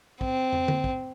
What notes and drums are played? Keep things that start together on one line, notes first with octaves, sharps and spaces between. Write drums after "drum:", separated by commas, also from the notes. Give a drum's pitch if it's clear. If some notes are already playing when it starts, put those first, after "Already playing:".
C4, drum: kick
drum: tom
drum: tom D3
drum: kick